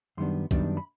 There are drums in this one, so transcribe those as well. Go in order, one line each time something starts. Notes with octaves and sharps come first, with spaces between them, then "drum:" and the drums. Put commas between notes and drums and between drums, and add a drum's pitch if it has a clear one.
F#2 D#3 G3 B3 D4 C6
F#2 D#3 G3 B3 D4, drum: kick, hi-hat
B5